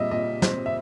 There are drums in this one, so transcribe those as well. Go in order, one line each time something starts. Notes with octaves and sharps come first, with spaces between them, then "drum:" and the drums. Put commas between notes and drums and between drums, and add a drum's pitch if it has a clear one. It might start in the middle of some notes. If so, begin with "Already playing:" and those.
Already playing: A#2 G3 D#5 E5
A#2 D#5
C4, drum: snare
E5